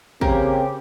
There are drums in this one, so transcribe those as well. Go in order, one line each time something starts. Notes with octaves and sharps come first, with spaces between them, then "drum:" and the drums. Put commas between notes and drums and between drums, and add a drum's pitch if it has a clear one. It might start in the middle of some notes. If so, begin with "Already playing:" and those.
C#3 A#3 C4 G4 A#4, drum: kick